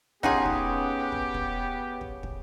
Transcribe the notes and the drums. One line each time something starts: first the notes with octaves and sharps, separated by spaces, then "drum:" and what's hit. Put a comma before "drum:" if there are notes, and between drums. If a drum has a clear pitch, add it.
C#3 B3 D#4 F4 G4 G#4 F#5, drum: kick
drum: kick
drum: kick
drum: kick
drum: kick
drum: kick